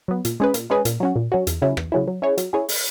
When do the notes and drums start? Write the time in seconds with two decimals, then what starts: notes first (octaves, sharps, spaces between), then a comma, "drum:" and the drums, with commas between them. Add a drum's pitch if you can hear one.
0.08 F#3 B3
0.25 A#2, drum: hi-hat
0.40 G#3 C#4 G#4 B4
0.54 A#2, drum: hi-hat
0.70 G#3 C#4 G#4 B4
0.85 A#2, drum: hi-hat
1.00 F#3 C#4 F#4
1.16 A#2
1.32 F#3 C#4 F#4
1.47 E2, drum: hi-hat
1.62 C#3 F#3 C#4 E4
1.77 E2, drum: rim click
1.92 C#3 F#3 C#4 E4
2.08 F#3
2.22 C#4 E4 G#4 C#5
2.38 F#3, drum: hi-hat
2.53 C#4 E4 G#4 C#5
2.69 drum: open hi-hat